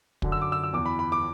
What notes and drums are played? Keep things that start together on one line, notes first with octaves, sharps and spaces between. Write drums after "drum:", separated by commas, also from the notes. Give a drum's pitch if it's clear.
F#2 D3, drum: kick
E6
D6
E6
E6
E2 E3 D6
B5
B5
D6